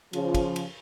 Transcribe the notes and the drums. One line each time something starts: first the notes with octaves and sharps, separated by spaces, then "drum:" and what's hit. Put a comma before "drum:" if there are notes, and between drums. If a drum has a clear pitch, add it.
C#3 F3, drum: cymbal
drum: kick, cymbal
drum: cymbal